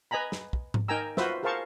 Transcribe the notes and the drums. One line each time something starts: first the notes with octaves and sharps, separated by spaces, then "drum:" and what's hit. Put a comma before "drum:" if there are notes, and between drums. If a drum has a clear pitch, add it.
B4 D#5 G#5 A#5 B5
drum: snare
drum: kick
drum: tom G#2
D#4 A#4 G5 G#5 A#5 E6
F4 F#4 B4 C5 E5, drum: snare
G#4 A#4 C5 F5 A5 C#6